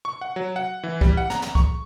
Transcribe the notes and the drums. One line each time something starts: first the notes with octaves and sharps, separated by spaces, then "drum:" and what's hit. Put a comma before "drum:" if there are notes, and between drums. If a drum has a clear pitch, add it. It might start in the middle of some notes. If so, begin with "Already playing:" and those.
C#6
F#5
F#3
F#5
E3
G3, drum: kick C2
F#5
A#5, drum: snare
drum: snare
C#6, drum: kick C2